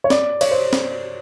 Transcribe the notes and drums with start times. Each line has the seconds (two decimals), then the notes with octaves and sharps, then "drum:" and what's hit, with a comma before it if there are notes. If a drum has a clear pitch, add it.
0.04 C#5
0.10 D5, drum: snare
0.41 C#5, drum: cymbal
0.51 C5
0.73 drum: snare